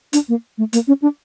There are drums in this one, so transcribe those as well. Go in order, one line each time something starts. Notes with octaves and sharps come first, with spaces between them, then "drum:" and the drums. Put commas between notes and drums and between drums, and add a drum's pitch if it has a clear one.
D4, drum: hi-hat
A#3
A3
A#3, drum: hi-hat
C#4
D4